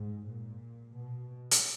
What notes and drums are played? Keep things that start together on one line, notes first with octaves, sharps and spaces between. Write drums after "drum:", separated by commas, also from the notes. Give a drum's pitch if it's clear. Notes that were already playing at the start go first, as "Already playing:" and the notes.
Already playing: G#2
A#2
B2
drum: hi-hat